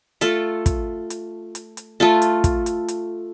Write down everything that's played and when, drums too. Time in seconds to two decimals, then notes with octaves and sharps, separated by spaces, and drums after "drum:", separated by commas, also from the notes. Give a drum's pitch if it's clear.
0.21 A3 F4 A4, drum: hi-hat
0.66 drum: kick, hi-hat
1.10 drum: hi-hat
1.55 drum: hi-hat
1.77 drum: hi-hat
2.00 A3 F4 A4
2.22 drum: hi-hat
2.44 drum: kick, hi-hat
2.66 drum: hi-hat
2.88 drum: hi-hat